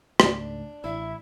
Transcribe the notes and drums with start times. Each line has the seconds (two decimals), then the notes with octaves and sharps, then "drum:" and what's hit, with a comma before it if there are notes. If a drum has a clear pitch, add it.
0.20 C#2 G#2 A3 D4, drum: rim click
0.84 A1 E4 E5